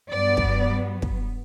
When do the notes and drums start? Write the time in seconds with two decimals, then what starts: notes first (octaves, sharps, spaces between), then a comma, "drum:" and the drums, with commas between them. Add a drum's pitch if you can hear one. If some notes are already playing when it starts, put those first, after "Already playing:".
0.11 G2 F#3 B3 D5
0.37 drum: kick
1.02 drum: kick